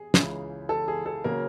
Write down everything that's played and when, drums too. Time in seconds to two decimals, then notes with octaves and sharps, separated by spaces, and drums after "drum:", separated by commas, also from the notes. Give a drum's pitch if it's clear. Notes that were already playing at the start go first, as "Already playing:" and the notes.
Already playing: G#4
0.14 C#2 C#3 E3, drum: snare
0.69 A4
0.88 G#4
1.06 A4
1.24 C#3 F#3 A#3 A#4